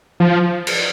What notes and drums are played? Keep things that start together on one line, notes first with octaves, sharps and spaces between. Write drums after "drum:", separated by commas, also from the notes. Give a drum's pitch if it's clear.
F3
drum: cymbal